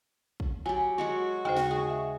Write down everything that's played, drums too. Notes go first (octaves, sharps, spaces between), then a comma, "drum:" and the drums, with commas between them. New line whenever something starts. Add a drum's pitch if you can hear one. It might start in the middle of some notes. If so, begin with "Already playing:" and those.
drum: kick
F#3 G4 G#5
F#3 G#3 F#4 C#5
D#2 C#3 G#3 C5
drum: snare
G#4
E5